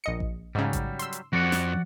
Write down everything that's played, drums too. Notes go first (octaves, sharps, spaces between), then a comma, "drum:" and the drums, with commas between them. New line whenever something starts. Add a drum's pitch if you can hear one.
A#1 D#5 C#7
drum: kick A1
G#2 C#3 F#3 G3
drum: kick A1, hi-hat
C6 E6, drum: hi-hat
drum: hi-hat
F2 F#4 D5 F#5
drum: snare